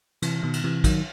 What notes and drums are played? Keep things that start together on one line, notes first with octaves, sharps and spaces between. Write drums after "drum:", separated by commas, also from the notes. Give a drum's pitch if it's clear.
C3 E3, drum: cymbal
B2 D#3
drum: cymbal
C3 E3
D#3 F#3, drum: kick, cymbal